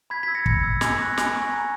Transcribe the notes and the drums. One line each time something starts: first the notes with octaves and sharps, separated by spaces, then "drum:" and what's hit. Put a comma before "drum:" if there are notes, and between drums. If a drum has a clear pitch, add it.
B5 G#6 B6
E6 G#6 B6
A#6 C#7
B5, drum: kick
E6
G#5 G#6, drum: snare
C#6 F#6 A#6
G#5, drum: snare
C#6 F#6
A#5